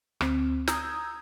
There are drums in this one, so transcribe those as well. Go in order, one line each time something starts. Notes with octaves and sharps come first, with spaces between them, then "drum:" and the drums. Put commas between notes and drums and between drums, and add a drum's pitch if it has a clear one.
D2 C4, drum: rim click
A#5 D#6 E6 G6 G#6, drum: snare